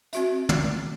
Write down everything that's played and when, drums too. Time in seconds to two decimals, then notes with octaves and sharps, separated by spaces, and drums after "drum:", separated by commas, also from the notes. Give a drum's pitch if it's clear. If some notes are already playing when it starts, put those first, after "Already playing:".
0.13 C4 F#4 E5, drum: hi-hat
0.49 drum: tom